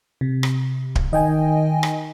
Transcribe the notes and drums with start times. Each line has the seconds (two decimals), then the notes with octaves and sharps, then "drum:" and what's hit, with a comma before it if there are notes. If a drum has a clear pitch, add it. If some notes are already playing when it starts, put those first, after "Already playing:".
0.21 C3
0.43 drum: rim click
0.95 drum: kick D1
1.13 D#3 D#5 G5 G#5
1.83 drum: rim click